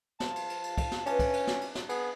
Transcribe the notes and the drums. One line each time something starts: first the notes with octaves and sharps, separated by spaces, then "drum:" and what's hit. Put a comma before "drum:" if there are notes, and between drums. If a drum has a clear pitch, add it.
F3 F4 A5, drum: snare
drum: cymbal
drum: cymbal
drum: cymbal
drum: kick, cymbal
drum: snare
C#4 D4 B4 E5, drum: cymbal
drum: kick, cymbal
drum: cymbal
drum: snare
drum: cymbal
drum: snare
B3 G#4, drum: cymbal